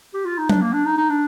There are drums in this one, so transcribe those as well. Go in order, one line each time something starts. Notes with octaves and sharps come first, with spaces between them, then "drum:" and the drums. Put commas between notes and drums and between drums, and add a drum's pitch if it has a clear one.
G4
F4
D#4
D4, drum: tom F#3
A#3
D4
D#4
D#4
D4